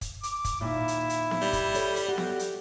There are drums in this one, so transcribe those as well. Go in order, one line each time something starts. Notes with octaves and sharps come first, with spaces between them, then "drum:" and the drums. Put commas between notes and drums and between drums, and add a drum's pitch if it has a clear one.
drum: kick, hi-hat
D6, drum: hi-hat
drum: kick, hi-hat
D#2 A#2 E4
drum: hi-hat
drum: hi-hat
drum: snare B3
G3
drum: kick, hi-hat
A4 C#5 E5, drum: hi-hat
drum: hi-hat
F#4 G4
drum: snare B3
drum: hi-hat